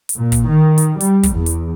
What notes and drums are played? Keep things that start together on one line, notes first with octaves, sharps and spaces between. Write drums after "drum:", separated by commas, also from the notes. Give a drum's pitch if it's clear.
drum: hi-hat
A#2
drum: kick, hi-hat
D#3
drum: hi-hat
G3, drum: hi-hat
drum: kick, hi-hat
E2
drum: hi-hat